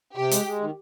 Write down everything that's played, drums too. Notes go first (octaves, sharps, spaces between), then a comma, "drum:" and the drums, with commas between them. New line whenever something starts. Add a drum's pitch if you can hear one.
C3 G4
G#3, drum: hi-hat
G#3
D#3